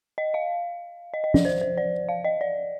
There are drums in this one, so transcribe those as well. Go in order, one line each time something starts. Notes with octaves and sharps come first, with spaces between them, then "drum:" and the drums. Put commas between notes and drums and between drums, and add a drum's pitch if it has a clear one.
D#5
F5
D#5
D#5
D5, drum: tom
C5
C5
D5
F5
D#5
D5